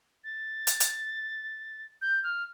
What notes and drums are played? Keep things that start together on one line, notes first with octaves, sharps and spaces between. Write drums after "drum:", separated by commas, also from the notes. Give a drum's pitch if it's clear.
A6
drum: hi-hat
drum: hi-hat
G6
F6